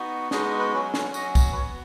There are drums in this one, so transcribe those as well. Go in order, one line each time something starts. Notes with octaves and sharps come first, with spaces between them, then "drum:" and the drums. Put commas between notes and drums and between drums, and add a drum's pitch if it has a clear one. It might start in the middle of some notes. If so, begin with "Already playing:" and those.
Already playing: B3 D#4 F#4
G#3 B3 D#4 F#4 G#4, drum: snare
B4
F#3 C#4 F#4 B4
F#4
drum: snare
F#5
F#3 C#4 F#4 D#5, drum: tambourine
drum: kick, tambourine
B4
B3 F#4 C#5